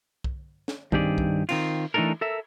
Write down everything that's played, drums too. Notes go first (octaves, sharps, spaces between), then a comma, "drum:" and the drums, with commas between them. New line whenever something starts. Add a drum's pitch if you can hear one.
drum: kick B1
drum: snare
G2 D#3 C4 G4 G#4 D5, drum: kick B1
drum: kick B1
D#3 C4 F4, drum: cymbal
E3 A3 D4 D#4 A4 A#4
A4 A#4 E5